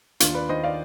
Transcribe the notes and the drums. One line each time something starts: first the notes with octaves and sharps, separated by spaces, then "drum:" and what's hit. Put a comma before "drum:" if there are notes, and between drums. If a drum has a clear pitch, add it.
D#2 D4 F4, drum: hi-hat
B4 D5
D#3 C5 D#5
D5 F5